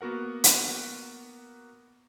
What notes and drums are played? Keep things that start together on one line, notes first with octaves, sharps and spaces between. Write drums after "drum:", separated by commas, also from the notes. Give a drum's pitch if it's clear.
A#3 B3 F#4 A#4 F#5
drum: hi-hat